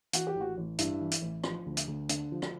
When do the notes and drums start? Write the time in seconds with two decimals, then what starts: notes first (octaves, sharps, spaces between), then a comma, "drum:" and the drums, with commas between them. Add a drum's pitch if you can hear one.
0.13 E3 F#4, drum: hi-hat
0.27 G4
0.36 A1
0.41 F#4
0.57 A1
0.79 G2 E4, drum: hi-hat
1.01 E3
1.11 drum: hi-hat
1.22 A1
1.44 F3, drum: rim click
1.66 D2
1.77 drum: hi-hat
1.87 D2
2.09 D3, drum: hi-hat
2.32 F3
2.42 drum: rim click